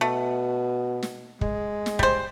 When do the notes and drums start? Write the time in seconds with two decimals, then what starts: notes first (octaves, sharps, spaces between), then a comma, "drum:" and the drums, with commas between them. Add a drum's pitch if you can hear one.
0.01 B2 A3
1.03 drum: snare
1.41 G#3, drum: kick
1.86 drum: snare
1.99 G3 C5, drum: kick